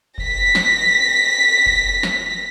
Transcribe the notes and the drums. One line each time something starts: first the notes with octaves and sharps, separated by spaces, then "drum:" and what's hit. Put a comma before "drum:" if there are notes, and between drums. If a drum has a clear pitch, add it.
A#6 B6, drum: kick F#1
drum: snare
drum: kick F#1
drum: snare